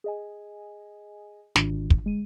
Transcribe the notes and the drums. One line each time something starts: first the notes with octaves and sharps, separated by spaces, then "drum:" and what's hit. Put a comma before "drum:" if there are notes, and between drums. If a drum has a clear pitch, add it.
G#4 D#5 G#5
G#1 D4 F4, drum: snare
drum: kick
G1 G#3 D#7